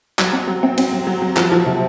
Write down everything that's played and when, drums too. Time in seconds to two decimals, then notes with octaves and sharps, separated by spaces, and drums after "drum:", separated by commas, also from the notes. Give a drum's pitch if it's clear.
0.19 F#3, drum: clap
0.33 C4
0.48 F#3
0.63 C4
0.78 C4, drum: cymbal
0.93 F#3
1.07 F#3
1.22 F#3
1.37 F3, drum: clap
1.52 F3
1.66 C3